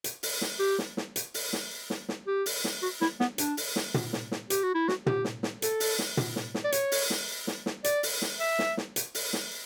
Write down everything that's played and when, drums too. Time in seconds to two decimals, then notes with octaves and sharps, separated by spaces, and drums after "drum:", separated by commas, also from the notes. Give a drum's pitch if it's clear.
0.04 drum: hi-hat
0.23 drum: open hi-hat
0.41 drum: snare
0.59 G4
0.79 drum: snare
0.97 drum: snare
1.16 drum: hi-hat
1.34 drum: open hi-hat
1.53 drum: snare
1.90 drum: snare
2.09 drum: snare
2.27 G4
2.46 drum: open hi-hat
2.64 drum: snare
2.83 F#4
3.01 E4, drum: snare
3.20 B3, drum: snare
3.38 D4, drum: hi-hat
3.57 drum: open hi-hat
3.76 drum: snare
3.94 drum: tom
4.13 drum: snare
4.32 drum: snare
4.50 G4, drum: hi-hat
4.63 F#4
4.75 E4
4.88 F#4, drum: snare
5.06 G4, drum: tom
5.24 drum: snare
5.43 drum: snare
5.62 A4, drum: hi-hat
5.80 drum: open hi-hat
5.99 drum: snare
6.17 drum: tom
6.36 drum: snare
6.54 drum: snare
6.64 D5
6.72 C#5, drum: hi-hat
6.92 drum: open hi-hat
7.10 drum: snare
7.47 drum: snare
7.66 drum: snare
7.84 D5, drum: hi-hat
8.03 drum: open hi-hat
8.22 drum: snare
8.40 E5
8.59 drum: snare
8.77 drum: snare
8.96 drum: hi-hat
9.15 drum: open hi-hat
9.33 drum: snare